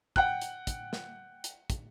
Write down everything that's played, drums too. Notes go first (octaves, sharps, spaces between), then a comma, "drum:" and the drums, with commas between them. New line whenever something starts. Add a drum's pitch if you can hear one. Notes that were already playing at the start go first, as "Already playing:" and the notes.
F#5 G5 F#6, drum: kick
drum: hi-hat
drum: kick, hi-hat
drum: snare
drum: hi-hat
drum: kick, hi-hat